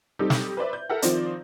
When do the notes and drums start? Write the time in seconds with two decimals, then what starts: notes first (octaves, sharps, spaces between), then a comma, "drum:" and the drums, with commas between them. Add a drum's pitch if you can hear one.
0.19 G3 C4 D#4 G4 A4
0.30 drum: snare
0.57 B4 C5 D5 E5
0.73 G6
0.89 A4 A#4 E5 F#5
1.02 D#3 F3 C4 D#4 C5 D5, drum: hi-hat